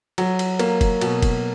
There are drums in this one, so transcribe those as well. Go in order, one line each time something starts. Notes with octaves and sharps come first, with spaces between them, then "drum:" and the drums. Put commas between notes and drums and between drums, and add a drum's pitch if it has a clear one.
F#3, drum: cymbal
drum: cymbal
A#3, drum: cymbal
drum: kick F1, cymbal
B2, drum: cymbal
drum: kick F1, cymbal